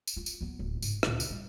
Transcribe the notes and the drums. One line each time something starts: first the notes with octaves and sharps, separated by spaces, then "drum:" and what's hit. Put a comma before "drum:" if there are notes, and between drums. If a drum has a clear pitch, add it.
drum: tambourine
F4
drum: tambourine
F#3 B3
D1
G#2, drum: tambourine
D2 A#2, drum: rim click
drum: tambourine
G3